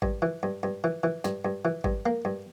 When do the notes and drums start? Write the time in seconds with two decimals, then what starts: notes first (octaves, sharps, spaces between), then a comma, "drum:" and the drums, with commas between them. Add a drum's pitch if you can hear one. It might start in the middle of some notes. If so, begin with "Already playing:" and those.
0.02 G2, drum: kick G#1
0.22 E3
0.43 G2
0.63 G2
0.84 E3
1.03 E3
1.24 G2, drum: snare
1.45 G2
1.65 E3
1.84 G2, drum: kick G#1
2.06 A#3
2.25 G2